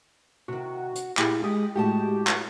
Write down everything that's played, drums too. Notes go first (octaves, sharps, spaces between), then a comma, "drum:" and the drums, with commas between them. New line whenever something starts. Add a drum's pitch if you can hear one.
C3 D#3 F#4
drum: hi-hat
A#2 E4 G4 G#4, drum: clap
G#3 G4 D#6
A2 G#3 F#4 G4 A5
drum: clap